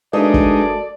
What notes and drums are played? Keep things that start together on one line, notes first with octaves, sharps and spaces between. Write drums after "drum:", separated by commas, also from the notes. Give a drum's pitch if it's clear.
F#2 G#3 A3 D4 D#4 B4 D5 D#5
drum: kick